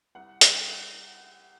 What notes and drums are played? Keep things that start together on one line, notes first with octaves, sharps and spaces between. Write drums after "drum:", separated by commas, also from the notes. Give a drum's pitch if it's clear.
C2 F#5
C2, drum: hi-hat
F#5
G5